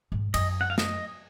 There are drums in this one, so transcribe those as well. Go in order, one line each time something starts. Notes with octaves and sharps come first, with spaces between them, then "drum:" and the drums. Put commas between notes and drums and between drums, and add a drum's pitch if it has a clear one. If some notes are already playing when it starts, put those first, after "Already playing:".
G#2
F#2 D#5, drum: cymbal
F#5
F5
D#5, drum: snare